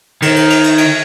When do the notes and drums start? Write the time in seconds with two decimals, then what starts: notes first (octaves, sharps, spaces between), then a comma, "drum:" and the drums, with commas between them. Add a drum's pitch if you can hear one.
0.22 D#3, drum: cymbal
0.36 drum: cymbal
0.50 drum: cymbal
0.64 drum: cymbal
0.78 drum: cymbal